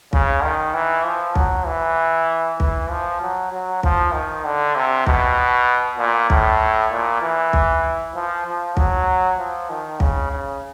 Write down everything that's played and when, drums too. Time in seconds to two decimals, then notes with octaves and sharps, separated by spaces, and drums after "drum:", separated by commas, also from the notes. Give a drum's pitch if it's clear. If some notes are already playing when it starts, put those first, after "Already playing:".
0.13 C#3, drum: kick
0.43 D#3
0.74 E3
1.05 F3
1.35 F#3, drum: kick
1.66 E3
2.60 E3, drum: kick
2.90 F3
3.21 F#3
3.52 F#3
3.83 F3, drum: kick
4.14 D#3
4.44 D3
4.76 C3
5.06 B2, drum: kick
5.98 A#2
6.30 A2, drum: kick
6.91 A#2
7.22 E3
7.53 drum: kick
8.15 F3
8.46 F3
8.77 F#3, drum: kick
9.39 F3
9.70 D#3
10.00 C#3, drum: kick
10.31 C#3